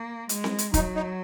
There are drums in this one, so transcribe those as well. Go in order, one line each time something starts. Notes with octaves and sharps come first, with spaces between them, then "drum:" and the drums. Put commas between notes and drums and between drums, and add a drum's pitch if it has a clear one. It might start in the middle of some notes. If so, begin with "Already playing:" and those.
Already playing: A#3
G#3, drum: hi-hat
drum: snare C4
drum: hi-hat
F#3 D#4, drum: kick, hi-hat
D#4